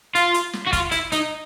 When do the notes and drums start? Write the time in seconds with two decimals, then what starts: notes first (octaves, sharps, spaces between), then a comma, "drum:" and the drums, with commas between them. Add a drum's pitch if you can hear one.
0.15 F4, drum: hi-hat
0.34 drum: hi-hat
0.53 drum: snare
0.67 F#4
0.73 F4, drum: kick, hi-hat
0.91 E4, drum: hi-hat
1.12 D#4, drum: hi-hat